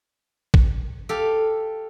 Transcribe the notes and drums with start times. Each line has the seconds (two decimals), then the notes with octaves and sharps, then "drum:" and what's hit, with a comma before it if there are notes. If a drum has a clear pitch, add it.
0.54 drum: kick
1.09 G4 A4 F5